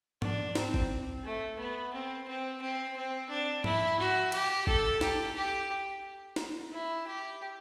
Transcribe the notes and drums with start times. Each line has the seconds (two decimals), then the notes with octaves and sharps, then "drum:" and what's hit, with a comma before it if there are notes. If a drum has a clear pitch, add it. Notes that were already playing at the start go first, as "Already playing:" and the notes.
0.22 D4, drum: tom G#2
0.55 C4, drum: snare
0.74 drum: kick
1.24 A3
1.59 B3
1.93 C4
2.28 C4
2.62 C4
2.96 C4
3.29 D4
3.64 E4, drum: tom G#2
3.99 F#4
4.32 G4, drum: cymbal
4.67 A4, drum: kick
5.01 G4, drum: snare
5.36 G4
6.36 drum: snare
6.72 E4
7.07 G4